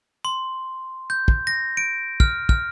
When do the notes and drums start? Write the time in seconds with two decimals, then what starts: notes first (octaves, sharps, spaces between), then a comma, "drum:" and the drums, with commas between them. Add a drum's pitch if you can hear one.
0.25 C6
1.10 G6
1.28 drum: kick
1.47 A#6
1.77 D7
2.20 F6, drum: kick
2.49 F6, drum: kick